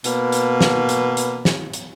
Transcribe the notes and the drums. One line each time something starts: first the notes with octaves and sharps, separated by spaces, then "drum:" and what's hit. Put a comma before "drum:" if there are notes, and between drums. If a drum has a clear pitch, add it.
B2 A#3 B4, drum: hi-hat
drum: hi-hat
drum: snare
drum: hi-hat
drum: hi-hat
drum: snare
drum: hi-hat